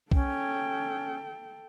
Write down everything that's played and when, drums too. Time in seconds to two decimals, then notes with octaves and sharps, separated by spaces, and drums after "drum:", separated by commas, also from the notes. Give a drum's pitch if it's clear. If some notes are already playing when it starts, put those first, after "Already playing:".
0.11 C#4 A4 G5, drum: kick